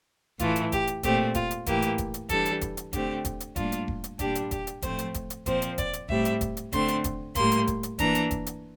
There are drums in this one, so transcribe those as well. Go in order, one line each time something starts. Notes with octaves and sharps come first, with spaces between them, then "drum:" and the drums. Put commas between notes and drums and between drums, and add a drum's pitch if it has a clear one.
A2 E3 A3 F4, drum: kick E1, hi-hat
drum: hi-hat
G4, drum: kick E1, hi-hat
drum: hi-hat
A#2 A3 C4 G4, drum: kick E1, hi-hat
F4, drum: kick E1, hi-hat
drum: hi-hat
A2 E3 A#3 G4, drum: kick E1, hi-hat
drum: hi-hat
drum: kick E1, hi-hat
drum: hi-hat
E3 G3 D4 A4, drum: kick E1, hi-hat
drum: hi-hat
drum: kick E1, hi-hat
drum: hi-hat
D3 A3 C4 G4, drum: kick E1, hi-hat
drum: kick E1, hi-hat
drum: hi-hat
A2 G3 A#3 D4 F4, drum: kick E1, hi-hat
drum: hi-hat
drum: kick E1
drum: hi-hat
A#2 G3 D4 G4, drum: kick E1, hi-hat
drum: hi-hat
G4, drum: kick E1, hi-hat
drum: hi-hat
A2 F3 A3 C4 C5, drum: kick E1, hi-hat
drum: hi-hat
drum: kick E1, hi-hat
drum: hi-hat
A#2 F3 C4 C5, drum: kick E1, hi-hat
drum: hi-hat
D5, drum: kick E1, hi-hat
drum: hi-hat
A2 G3 C4 E5, drum: kick E1
drum: hi-hat
drum: kick E1, hi-hat
drum: hi-hat
D3 A3 C4 C6, drum: kick E1, hi-hat
drum: hi-hat
drum: kick E1, hi-hat
A2 G3 A#3 C6, drum: kick E1, hi-hat
drum: hi-hat
drum: kick E1, hi-hat
drum: hi-hat
E3 A#3 D4 A#5, drum: kick E1, hi-hat
drum: hi-hat
drum: kick E1, hi-hat
drum: hi-hat